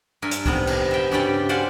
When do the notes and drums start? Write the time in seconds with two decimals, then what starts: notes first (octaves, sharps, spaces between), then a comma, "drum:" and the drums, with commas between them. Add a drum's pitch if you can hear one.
0.22 G2 A#4 E5 G#5 A5
0.31 drum: hi-hat
0.46 C3 D#3 B3, drum: kick C#2
0.67 drum: cymbal
0.91 E5 G5
1.11 G2 C#3 G3 G4 D5 G5
1.49 C5 D5 F5 F#5 G#5